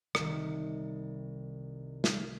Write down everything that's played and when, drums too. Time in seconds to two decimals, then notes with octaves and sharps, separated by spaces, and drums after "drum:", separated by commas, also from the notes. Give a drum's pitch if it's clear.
0.15 C2 D#3, drum: rim click
2.04 drum: snare